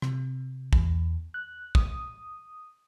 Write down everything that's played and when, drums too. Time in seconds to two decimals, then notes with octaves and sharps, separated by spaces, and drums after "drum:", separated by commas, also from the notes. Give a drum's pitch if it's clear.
0.02 C3, drum: rim click
0.73 E2, drum: kick
1.34 F#6
1.75 D#6, drum: kick